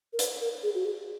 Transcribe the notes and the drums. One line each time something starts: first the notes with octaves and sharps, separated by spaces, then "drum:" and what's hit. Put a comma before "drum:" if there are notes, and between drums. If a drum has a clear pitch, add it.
A#4
B4, drum: hi-hat
A#4
G#4
F#4
G#4